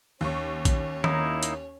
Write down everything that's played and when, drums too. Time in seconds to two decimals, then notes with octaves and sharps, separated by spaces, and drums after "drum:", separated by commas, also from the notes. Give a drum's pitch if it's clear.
0.21 D#2 C#4 C#5 C#6
0.65 drum: kick A#1, hi-hat
1.04 A#3 D#4 E4, drum: tom D#3
1.43 drum: hi-hat